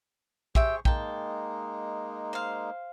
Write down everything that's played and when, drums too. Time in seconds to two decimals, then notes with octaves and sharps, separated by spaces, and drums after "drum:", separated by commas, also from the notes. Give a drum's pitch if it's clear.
0.55 G4 G#4 C5 E5 G5 C#6, drum: kick
0.85 G#3 A#3 D#4 G5 A5, drum: kick
2.33 C5 F5